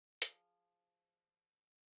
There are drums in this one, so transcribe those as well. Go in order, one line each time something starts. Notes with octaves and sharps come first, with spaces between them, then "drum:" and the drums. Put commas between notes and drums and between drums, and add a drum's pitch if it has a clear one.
F3 G#4, drum: hi-hat